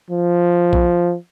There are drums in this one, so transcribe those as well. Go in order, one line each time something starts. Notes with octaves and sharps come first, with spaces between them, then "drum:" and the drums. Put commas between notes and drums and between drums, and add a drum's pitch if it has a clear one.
F3
drum: kick